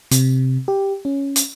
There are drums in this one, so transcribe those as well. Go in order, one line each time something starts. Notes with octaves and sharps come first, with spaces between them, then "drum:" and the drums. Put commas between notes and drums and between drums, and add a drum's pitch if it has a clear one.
C3, drum: hi-hat
G4
C#4
drum: hi-hat